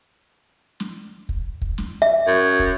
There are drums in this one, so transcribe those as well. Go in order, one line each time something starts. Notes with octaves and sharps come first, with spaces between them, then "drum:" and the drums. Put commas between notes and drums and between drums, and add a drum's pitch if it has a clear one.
drum: snare
drum: kick
drum: kick
drum: snare
E5
F#2
drum: kick